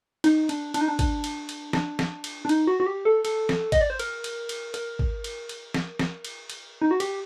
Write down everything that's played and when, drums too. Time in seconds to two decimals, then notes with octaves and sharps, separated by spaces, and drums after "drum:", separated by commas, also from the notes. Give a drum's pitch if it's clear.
0.24 D#4, drum: cymbal
0.49 D4, drum: cymbal
0.74 D4, drum: cymbal
0.81 D#4
0.88 D4
0.99 D4, drum: kick, cymbal
1.24 drum: cymbal
1.49 drum: cymbal
1.73 D4, drum: snare
1.99 drum: snare
2.24 drum: cymbal
2.45 D4
2.49 D#4, drum: cymbal
2.67 F#4
2.80 F#4
2.86 G4
3.05 A4
3.25 A4, drum: cymbal
3.49 drum: snare
3.72 D#5, drum: kick, cymbal
3.81 D5
3.90 C5
3.99 A#4, drum: cymbal
4.24 drum: cymbal
4.49 drum: cymbal
4.74 A#4, drum: cymbal
4.99 drum: kick
5.24 drum: cymbal
5.49 drum: cymbal
5.74 drum: snare
5.99 drum: snare
6.25 drum: cymbal
6.50 drum: cymbal
6.82 D#4
6.91 F#4
7.00 G4, drum: cymbal